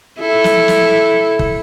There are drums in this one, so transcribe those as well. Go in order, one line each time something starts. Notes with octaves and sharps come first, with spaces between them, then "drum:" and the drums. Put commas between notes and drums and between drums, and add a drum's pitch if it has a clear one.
E4 A4
drum: snare
drum: snare
drum: kick